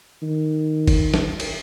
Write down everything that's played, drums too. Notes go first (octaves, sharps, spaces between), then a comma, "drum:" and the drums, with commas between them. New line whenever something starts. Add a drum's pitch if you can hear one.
D#3
drum: kick, cymbal
drum: snare
drum: cymbal